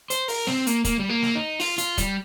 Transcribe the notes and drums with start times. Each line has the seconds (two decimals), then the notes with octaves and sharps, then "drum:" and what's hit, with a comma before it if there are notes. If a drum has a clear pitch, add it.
0.10 C5, drum: hi-hat
0.28 A#4, drum: open hi-hat
0.47 C4, drum: snare
0.67 A#3, drum: hi-hat
0.85 A#3, drum: kick, hi-hat
0.99 G3
1.09 A#3
1.22 drum: snare
1.35 D#4
1.60 F4, drum: open hi-hat
1.78 F4, drum: hi-hat
1.98 G3, drum: kick, hi-hat